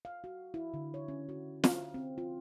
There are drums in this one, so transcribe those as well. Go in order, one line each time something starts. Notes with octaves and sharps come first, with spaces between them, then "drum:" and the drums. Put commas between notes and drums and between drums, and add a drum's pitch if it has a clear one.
F5
F#4
E4
D3
C#5
C#4
F#4
F5, drum: snare
C4
F4